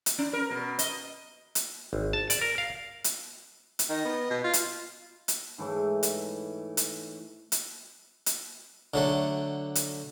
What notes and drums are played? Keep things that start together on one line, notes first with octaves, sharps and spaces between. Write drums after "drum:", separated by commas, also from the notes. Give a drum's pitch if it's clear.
drum: hi-hat
C#4
A#4
B2
D#5, drum: hi-hat
drum: hi-hat
G#1
A5
D5, drum: hi-hat
A#4
F5
drum: hi-hat
drum: hi-hat
D#3 D#5
B3
B2
F4
drum: hi-hat
drum: hi-hat
G#2 E3 A3 C#5
drum: hi-hat
drum: hi-hat
drum: hi-hat
drum: hi-hat
D3 F#3 A3
drum: hi-hat